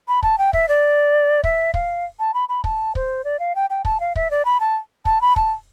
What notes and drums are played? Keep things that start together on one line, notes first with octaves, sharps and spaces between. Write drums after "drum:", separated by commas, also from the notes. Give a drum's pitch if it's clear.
B5
A5, drum: kick
G5
E5, drum: kick
D5
E5, drum: kick
F5, drum: kick
A5
B5
B5
A5, drum: kick
C5, drum: kick
D5
F5
G5
G5
A5, drum: kick
F5
E5, drum: kick
D5
B5
A5
A5, drum: kick
B5
A5, drum: kick